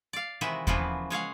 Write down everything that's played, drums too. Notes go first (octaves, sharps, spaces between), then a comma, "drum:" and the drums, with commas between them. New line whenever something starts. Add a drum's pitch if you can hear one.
D5 F5
C3 D#3 E3 G#3 F#4 E5
C#3 E3 F3 A#3 B3 F#4, drum: kick
G#3 C#5 F5 F#5